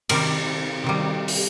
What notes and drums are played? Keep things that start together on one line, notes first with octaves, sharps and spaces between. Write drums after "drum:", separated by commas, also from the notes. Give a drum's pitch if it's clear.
C3 D#3 G3 A#4, drum: cymbal
C3 D#3 G3
drum: open hi-hat